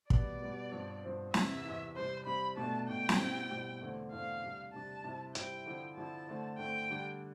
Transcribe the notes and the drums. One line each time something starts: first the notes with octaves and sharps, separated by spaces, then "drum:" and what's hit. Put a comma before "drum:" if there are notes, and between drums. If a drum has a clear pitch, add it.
B2 G3 B3 D5, drum: kick
B2 G3 B3
G2 F3 C4
G2 F3 C4
E2 C3 E3 E5, drum: snare
E2 C3 E3
C3 G3 C4 C5
C3 G3 C4 B5
B2 A3 D4 A5
B2 A3 D4 G5
drum: snare
B2 G3 C4 E4
B2 G3 C4 E4
E2 D3 A3 C4
E2 D3 A3 C4 F5
C3 G3 D4
C3 G3 D4 A5
C3 G3 C4 E4
C3 G3 C4 E4 G5, drum: hi-hat
D3 F3 C4 E4
D3 F3 C4 E4 A5
D3 A3 C4
D3 A3 C4 G5
D3 G3 D4